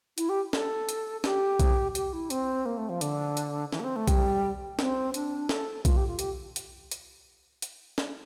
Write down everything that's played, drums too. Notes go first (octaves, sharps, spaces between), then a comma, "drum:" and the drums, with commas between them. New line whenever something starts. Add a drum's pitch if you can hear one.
E4, drum: hi-hat
G4
A4, drum: snare
drum: hi-hat
G4, drum: snare
drum: kick B1, hi-hat
G4, drum: hi-hat
E4
C4, drum: hi-hat
A#3
A3
F3
D3, drum: hi-hat
drum: hi-hat
E3, drum: snare
A#3
C4
A3
G3, drum: kick B1, hi-hat
C4, drum: snare
D4, drum: hi-hat
A4, drum: snare
F4, drum: kick B1, hi-hat
G4
F4
G4, drum: hi-hat
drum: hi-hat
drum: hi-hat
drum: hi-hat
drum: snare